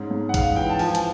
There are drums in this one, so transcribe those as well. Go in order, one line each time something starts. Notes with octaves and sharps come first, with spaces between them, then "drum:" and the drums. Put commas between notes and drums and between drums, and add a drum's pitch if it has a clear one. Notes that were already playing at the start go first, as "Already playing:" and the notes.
Already playing: G#2 C#4
G#2
F#5
G#3 F5, drum: kick, hi-hat
E3 G5
A5
F3 G#5, drum: open hi-hat
drum: hi-hat